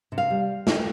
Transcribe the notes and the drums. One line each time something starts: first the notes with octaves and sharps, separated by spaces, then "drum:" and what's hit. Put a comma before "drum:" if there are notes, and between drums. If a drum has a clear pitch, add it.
C3
F5
G3
drum: snare